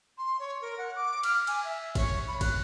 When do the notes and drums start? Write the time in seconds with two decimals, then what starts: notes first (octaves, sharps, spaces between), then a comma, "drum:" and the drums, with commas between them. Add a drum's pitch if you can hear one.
0.18 C6
0.39 C#5
0.61 A#4
0.78 F#5
0.96 D6
1.23 F6, drum: cymbal
1.47 G#5, drum: cymbal
1.64 E5
1.95 C#5, drum: kick, cymbal
2.27 B5
2.41 F#6, drum: kick, cymbal